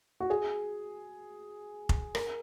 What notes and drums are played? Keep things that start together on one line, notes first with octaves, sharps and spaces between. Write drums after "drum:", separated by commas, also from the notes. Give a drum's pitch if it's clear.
F#4
G#4
drum: kick
A#4, drum: rim click